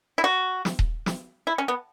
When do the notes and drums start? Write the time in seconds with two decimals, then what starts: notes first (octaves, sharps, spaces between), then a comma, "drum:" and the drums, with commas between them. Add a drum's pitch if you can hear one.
0.18 E4
0.24 F#4
0.65 drum: snare
0.79 drum: kick D#1
1.06 drum: snare
1.47 E4
1.58 C#4
1.68 B3